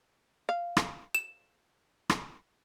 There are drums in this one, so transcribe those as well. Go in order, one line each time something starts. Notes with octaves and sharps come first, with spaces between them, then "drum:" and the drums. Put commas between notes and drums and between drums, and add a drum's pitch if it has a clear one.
F5
drum: rim click
E7
drum: rim click